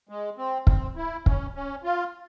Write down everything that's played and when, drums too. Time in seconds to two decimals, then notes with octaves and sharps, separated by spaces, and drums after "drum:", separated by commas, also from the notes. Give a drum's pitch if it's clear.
0.09 G#3
0.38 C4
0.67 C4, drum: kick
0.96 E4
1.26 C#4, drum: kick
1.55 C#4
1.84 F4